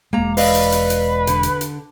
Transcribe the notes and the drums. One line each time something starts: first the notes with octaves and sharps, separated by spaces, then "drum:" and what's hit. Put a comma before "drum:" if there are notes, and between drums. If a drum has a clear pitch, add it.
E1 G#3 A#3 A#5
B4 D5 D#5 F5, drum: open hi-hat
drum: hi-hat
drum: hi-hat
drum: hi-hat
D3, drum: hi-hat
drum: hi-hat
drum: hi-hat